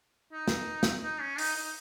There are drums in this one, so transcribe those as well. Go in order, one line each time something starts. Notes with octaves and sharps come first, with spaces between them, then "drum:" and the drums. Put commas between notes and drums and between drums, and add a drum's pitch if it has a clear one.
D#4
drum: snare
drum: snare
D#4
C#4
D#4, drum: open hi-hat
D#4